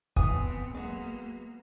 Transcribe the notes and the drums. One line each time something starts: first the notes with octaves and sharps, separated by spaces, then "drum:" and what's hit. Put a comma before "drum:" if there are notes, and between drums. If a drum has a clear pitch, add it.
B3 C4 G#5 D#6, drum: kick
F#3 G#3 A#3 B3